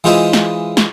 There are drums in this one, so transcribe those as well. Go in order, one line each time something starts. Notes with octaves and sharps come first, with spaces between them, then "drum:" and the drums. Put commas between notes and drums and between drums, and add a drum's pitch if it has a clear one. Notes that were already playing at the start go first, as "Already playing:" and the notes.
E3 G#3 F4 C5 D#5 E5
drum: snare
drum: snare